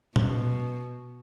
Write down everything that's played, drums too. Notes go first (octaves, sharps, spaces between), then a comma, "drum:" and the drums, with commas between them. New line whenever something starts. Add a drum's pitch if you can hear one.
B2, drum: tom A#2